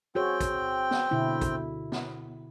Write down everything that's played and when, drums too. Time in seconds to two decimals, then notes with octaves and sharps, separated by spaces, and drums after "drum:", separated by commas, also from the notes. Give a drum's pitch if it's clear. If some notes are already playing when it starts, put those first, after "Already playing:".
0.15 C4 F#4 G#4 C#5 G5
0.41 drum: kick, hi-hat
0.91 drum: snare
1.11 B2 D3 E4
1.41 drum: kick, hi-hat
1.92 drum: snare